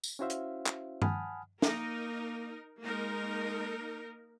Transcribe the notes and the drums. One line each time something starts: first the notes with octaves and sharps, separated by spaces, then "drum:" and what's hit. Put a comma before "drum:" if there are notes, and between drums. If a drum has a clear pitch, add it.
drum: tambourine
C#4 E4 F#4 C5 E5 F5
drum: hi-hat
drum: clap
F#5 G#5 A5 B5 D#6 F6, drum: tom G2
A#3 D#4 A#4, drum: snare
G#3 A#3 D#4 A#4